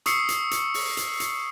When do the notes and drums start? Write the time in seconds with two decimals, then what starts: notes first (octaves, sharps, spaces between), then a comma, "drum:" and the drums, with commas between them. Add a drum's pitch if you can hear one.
0.06 C#6 D#6 E6 C7 C#7, drum: hi-hat
0.29 drum: hi-hat
0.51 drum: hi-hat
0.74 drum: open hi-hat
0.97 drum: hi-hat
1.20 drum: hi-hat